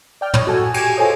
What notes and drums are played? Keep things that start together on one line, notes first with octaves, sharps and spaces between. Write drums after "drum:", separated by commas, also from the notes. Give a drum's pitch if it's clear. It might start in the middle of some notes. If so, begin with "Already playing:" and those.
D5 G5 F6
C#5 D#5, drum: tom
F#4 A4 G#5
G4 G#5 G#6 E7, drum: cymbal
F4 G#4 A4 C5 C#5 D#5